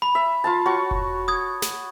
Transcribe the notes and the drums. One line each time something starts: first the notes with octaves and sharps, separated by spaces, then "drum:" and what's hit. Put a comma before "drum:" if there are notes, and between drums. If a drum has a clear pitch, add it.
B5
E5
F4 F5 A5
F#4 C#5 C#6
drum: kick E1
D#6 G#6
drum: snare